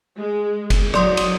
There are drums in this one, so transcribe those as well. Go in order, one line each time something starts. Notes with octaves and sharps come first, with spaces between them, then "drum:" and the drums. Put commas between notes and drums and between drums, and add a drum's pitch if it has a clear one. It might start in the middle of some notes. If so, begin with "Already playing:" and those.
G#3
drum: kick F#1, cymbal
F#3 D5 C6 D#6, drum: rim click
drum: cymbal